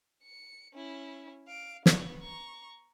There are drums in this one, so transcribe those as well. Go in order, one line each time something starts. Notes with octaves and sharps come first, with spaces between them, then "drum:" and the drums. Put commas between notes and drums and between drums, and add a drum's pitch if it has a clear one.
C#7
C#4 E4
F5 D7
B3 C#6, drum: snare
A#5 C#6